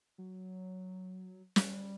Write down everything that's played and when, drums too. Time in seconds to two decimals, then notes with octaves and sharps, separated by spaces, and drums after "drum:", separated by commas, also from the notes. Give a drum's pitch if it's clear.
0.18 F#3
1.56 G3, drum: snare